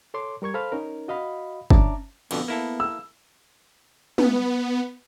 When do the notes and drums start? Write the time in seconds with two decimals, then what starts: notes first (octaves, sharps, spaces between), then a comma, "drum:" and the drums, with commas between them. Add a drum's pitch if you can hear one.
0.14 A4 C#5 C6 D6
0.42 G3 A#4 C#6 G#6
0.54 A4 C5 F5 B5 F6
0.72 C#4 D#4 A#4
1.08 F#4 D#5 F5 B5
1.70 C#4 D4 E5 A5 A#5 D6, drum: kick G1
2.31 F2 B2 D3 B3, drum: cymbal
2.48 A#3 E4 A4
2.80 E6
4.18 B3, drum: tom